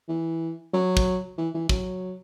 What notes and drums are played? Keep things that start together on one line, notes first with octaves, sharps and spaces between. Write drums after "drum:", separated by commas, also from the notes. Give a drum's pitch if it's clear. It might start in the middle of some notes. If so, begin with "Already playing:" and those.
E3
F#3
drum: kick
E3
E3
F#3, drum: kick